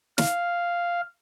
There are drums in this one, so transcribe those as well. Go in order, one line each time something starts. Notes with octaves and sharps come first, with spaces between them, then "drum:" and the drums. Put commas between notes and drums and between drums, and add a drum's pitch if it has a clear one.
F5, drum: snare